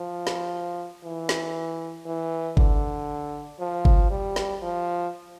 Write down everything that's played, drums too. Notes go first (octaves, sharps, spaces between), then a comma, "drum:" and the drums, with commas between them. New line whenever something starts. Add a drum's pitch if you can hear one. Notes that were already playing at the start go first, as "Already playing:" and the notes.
Already playing: F3
drum: snare
E3
drum: snare
E3
D3, drum: kick G1
F3
drum: kick G1
G3
drum: snare
F3